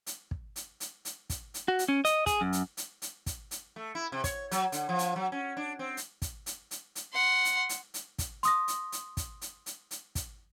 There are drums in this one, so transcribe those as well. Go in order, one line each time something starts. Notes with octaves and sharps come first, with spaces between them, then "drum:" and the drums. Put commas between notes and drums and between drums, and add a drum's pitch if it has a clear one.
drum: hi-hat
drum: kick
drum: hi-hat
drum: hi-hat
drum: hi-hat
drum: kick, hi-hat
drum: hi-hat
F#4
drum: hi-hat
C#4
D#5, drum: hi-hat
G#4, drum: kick, hi-hat
F#2
drum: hi-hat
drum: hi-hat
drum: hi-hat
drum: kick, hi-hat
drum: hi-hat
A3
E4
C3
C#5, drum: kick, hi-hat
F#3, drum: hi-hat
D3, drum: hi-hat
F3
drum: hi-hat
F#3
C#4
D4
C4
drum: hi-hat
drum: kick, hi-hat
drum: hi-hat
drum: hi-hat
drum: hi-hat
F#5 C6
drum: hi-hat
drum: hi-hat
drum: hi-hat
drum: kick, hi-hat
C6 D#6 A#6, drum: hi-hat
drum: hi-hat
drum: hi-hat
drum: kick, hi-hat
drum: hi-hat
drum: hi-hat
drum: hi-hat
drum: kick, hi-hat